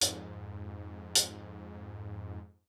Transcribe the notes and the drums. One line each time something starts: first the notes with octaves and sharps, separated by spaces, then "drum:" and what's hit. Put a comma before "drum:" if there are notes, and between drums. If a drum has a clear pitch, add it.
F2 G#2, drum: hi-hat
drum: hi-hat